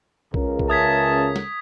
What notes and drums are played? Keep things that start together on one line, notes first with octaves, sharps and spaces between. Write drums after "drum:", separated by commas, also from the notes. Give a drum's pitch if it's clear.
C#2 C#3 A#4, drum: kick B1
drum: kick B1
C#4 E5 A5 D#6 G#6 B6
drum: snare